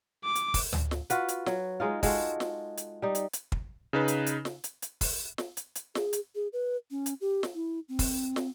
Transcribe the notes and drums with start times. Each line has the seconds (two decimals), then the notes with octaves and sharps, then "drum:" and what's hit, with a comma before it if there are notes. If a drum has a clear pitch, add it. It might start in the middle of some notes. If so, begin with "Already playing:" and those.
0.25 D6
0.35 drum: hi-hat
0.54 drum: kick, open hi-hat
0.73 drum: tom D2
0.91 drum: snare
1.10 F4 F#4 B4, drum: hi-hat
1.28 drum: hi-hat
1.46 F#3, drum: snare
1.80 G#3 D#4 F4
2.03 G#3 F4 F#4 A4, drum: kick, open hi-hat
2.40 drum: snare
2.77 drum: hi-hat
3.02 G3 D#4
3.15 drum: hi-hat
3.33 drum: hi-hat
3.52 drum: kick
3.93 C#3 D#4 B4
4.08 drum: hi-hat
4.26 drum: hi-hat
4.45 drum: snare
4.64 drum: hi-hat
4.82 drum: hi-hat
5.01 drum: kick, open hi-hat
5.38 drum: snare
5.57 drum: hi-hat
5.75 drum: hi-hat
5.95 G#4, drum: snare
6.13 drum: hi-hat
6.35 G#4
6.53 B4
6.91 C#4
7.06 drum: hi-hat
7.21 G4
7.43 drum: snare
7.55 E4
7.89 C4
7.99 drum: kick, open hi-hat
8.36 drum: snare